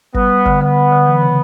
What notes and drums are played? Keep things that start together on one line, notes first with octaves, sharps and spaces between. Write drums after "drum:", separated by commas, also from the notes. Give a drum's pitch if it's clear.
G3 B3, drum: kick G1
G3
D3, drum: kick G1
D3 B3
D3
D3
E3
C#3